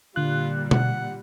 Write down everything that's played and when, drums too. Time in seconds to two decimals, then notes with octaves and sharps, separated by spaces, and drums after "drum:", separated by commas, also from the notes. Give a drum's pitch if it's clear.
0.16 A#2 D3 G3 F4 F#6
0.71 F#5, drum: tom B2